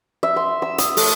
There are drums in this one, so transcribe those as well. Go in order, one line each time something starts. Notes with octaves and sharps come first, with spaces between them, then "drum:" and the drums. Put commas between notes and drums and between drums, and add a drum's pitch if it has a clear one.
E5
C6
E6
D#6, drum: hi-hat
A3, drum: open hi-hat